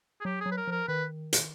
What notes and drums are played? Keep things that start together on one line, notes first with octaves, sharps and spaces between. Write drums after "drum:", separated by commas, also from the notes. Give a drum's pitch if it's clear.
G#4
F#3 G4
G#4
F#3
B4
A#4
F3 A#4
D#3 B4
drum: hi-hat